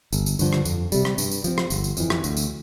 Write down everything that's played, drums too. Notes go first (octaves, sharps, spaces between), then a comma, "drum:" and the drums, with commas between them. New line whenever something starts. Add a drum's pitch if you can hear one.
G1, drum: tambourine
drum: tambourine
G2 D3 F3, drum: tambourine
drum: rim click
F2, drum: tambourine
C3 G3, drum: tambourine
drum: rim click
G2, drum: tambourine
drum: tambourine
F3 C4, drum: tambourine
drum: rim click
G1, drum: tambourine
drum: tambourine
F2 E3, drum: tambourine
drum: rim click
D2, drum: tambourine
drum: tambourine